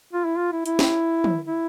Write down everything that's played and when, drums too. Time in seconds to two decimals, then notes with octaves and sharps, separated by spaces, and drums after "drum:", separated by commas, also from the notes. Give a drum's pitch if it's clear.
0.13 F4
0.25 E4
0.38 F4
0.52 E4
0.66 E4, drum: hi-hat
0.79 drum: snare
1.24 drum: tom
1.46 E4